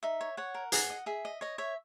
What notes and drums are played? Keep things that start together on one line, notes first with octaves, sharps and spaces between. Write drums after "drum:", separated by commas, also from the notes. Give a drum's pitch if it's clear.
D#4 E5
C#5
C#5 F#5
A#4
G#4 F#5, drum: hi-hat
D#5
G#4 E5
D#5
C#5 D#5
C#5 E5